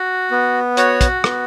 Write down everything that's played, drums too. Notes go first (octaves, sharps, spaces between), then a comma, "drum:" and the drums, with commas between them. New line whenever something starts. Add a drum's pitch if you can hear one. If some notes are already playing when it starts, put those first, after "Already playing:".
Already playing: F#4
B3
F#4 C#5, drum: hi-hat
drum: kick, hi-hat
B3, drum: rim click